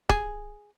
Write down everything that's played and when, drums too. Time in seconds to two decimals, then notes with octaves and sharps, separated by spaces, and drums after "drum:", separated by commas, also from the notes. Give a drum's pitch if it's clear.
0.09 G#4, drum: kick